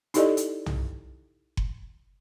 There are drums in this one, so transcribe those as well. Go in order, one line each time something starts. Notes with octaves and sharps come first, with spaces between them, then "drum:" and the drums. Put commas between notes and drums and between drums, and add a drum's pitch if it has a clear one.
D#4 E4 G4 A4 D5 D#5, drum: hi-hat
drum: hi-hat
drum: tom B1
drum: kick F#1